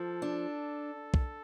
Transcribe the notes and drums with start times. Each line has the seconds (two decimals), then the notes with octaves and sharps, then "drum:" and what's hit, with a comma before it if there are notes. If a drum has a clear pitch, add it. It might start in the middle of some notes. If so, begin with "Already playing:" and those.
Already playing: F3 A4
0.22 D4
1.14 drum: kick